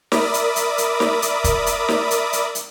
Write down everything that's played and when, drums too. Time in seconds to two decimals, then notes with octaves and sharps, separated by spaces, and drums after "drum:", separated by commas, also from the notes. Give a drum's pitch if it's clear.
0.12 A#4 D5 E5 B5 D6 D#6, drum: snare
0.34 drum: hi-hat
0.56 drum: hi-hat
0.78 drum: hi-hat
1.00 drum: snare
1.22 drum: hi-hat
1.44 drum: kick, hi-hat
1.66 drum: hi-hat
1.88 drum: snare
2.11 drum: hi-hat
2.33 drum: hi-hat
2.55 drum: hi-hat